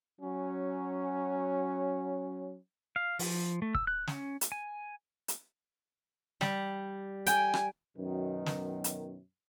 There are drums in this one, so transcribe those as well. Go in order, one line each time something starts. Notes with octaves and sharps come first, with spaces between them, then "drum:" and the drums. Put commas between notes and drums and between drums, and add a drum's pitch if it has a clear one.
F#3 C#4
F5
F3, drum: open hi-hat
A3
E6, drum: kick
F#6
C#4, drum: snare
drum: hi-hat
G#5
drum: hi-hat
G3, drum: snare
G5 G#5, drum: hi-hat
drum: rim click
F#2 B2 D#3
drum: snare
drum: hi-hat